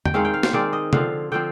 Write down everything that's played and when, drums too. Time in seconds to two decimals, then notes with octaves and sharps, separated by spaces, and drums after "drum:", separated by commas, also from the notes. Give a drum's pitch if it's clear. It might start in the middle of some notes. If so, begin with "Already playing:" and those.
0.06 G5, drum: tom
0.14 D#3 G#3 C4 F5
0.25 G5
0.34 F5
0.43 C5, drum: snare
0.53 D#3 G#3 C4 D5
0.73 D#5
0.93 D3 F3 C4 F5, drum: tom C3
1.32 D3 F3 C4 G5